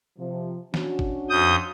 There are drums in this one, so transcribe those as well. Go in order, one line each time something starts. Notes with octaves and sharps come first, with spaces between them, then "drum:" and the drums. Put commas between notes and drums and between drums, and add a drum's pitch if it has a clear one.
C3 F3
C#4 D4 F#4, drum: snare
drum: kick G#1
F2 D#6 G6